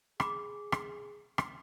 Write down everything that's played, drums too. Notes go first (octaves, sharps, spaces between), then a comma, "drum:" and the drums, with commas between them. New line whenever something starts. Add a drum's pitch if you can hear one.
G#4 B5 D6, drum: rim click
drum: rim click
drum: rim click